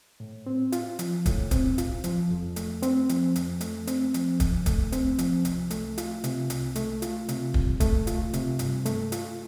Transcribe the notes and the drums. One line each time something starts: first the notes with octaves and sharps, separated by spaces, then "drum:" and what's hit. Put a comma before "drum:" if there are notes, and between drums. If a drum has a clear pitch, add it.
A2
C4
F4, drum: hi-hat
F3, drum: hi-hat
A2, drum: kick, hi-hat
C4, drum: kick, hi-hat
F4, drum: hi-hat
F3, drum: hi-hat
F2
A3, drum: hi-hat
C4, drum: hi-hat
F3, drum: hi-hat
F2, drum: hi-hat
A3, drum: hi-hat
C4, drum: hi-hat
F3, drum: hi-hat
F2, drum: kick, hi-hat
A3, drum: kick, hi-hat
C4, drum: hi-hat
F3, drum: hi-hat
C2, drum: hi-hat
A3, drum: hi-hat
F4, drum: hi-hat
C3, drum: hi-hat
C2, drum: hi-hat
A3, drum: hi-hat
F4, drum: hi-hat
C3, drum: hi-hat
C2, drum: kick
A3, drum: kick, hi-hat
F4, drum: hi-hat
C3, drum: hi-hat
G2, drum: hi-hat
A3, drum: hi-hat
F4, drum: hi-hat